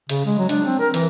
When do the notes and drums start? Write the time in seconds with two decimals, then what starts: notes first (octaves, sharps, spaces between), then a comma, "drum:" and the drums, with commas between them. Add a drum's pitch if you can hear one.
0.09 C#3, drum: hi-hat
0.26 G#3
0.38 F#3
0.49 D4, drum: hi-hat
0.65 C4
0.80 A#4
0.94 E3, drum: hi-hat